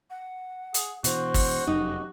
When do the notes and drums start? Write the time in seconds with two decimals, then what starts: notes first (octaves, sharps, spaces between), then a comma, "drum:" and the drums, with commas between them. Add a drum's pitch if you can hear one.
0.10 F#5
0.74 G#4, drum: hi-hat
1.04 B2 E3 F#4 C5, drum: hi-hat
1.34 drum: kick, open hi-hat
1.67 F1 F#2 D#4 G4